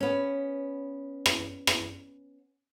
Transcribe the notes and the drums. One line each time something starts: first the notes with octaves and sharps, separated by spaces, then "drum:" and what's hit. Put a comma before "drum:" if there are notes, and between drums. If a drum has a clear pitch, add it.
B3 C#4
drum: rim click
drum: rim click